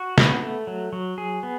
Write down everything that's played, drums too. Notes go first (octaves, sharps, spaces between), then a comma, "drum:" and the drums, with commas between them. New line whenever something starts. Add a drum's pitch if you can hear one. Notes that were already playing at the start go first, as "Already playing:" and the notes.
Already playing: F#4
B3, drum: snare
A3
F#3
F#3
G#4
B3